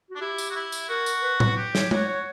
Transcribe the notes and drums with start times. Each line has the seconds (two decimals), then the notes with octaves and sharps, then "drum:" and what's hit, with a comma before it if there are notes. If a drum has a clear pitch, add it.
0.11 D4 F#4
0.21 E4 G4
0.38 drum: tambourine
0.50 F#4
0.55 E4
0.72 drum: tambourine
0.89 F#4 A#4
1.06 drum: tambourine
1.23 B4
1.40 drum: tom A2
1.57 G4
1.75 C#5, drum: snare
1.91 F#4 C#5, drum: tom G#3
2.08 C#5